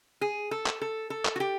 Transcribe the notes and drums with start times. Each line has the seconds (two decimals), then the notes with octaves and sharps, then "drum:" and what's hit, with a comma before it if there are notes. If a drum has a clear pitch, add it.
0.21 G#4
0.51 A4
0.66 drum: clap
0.82 A4
1.10 A4
1.25 drum: clap
1.36 F#4
1.40 G4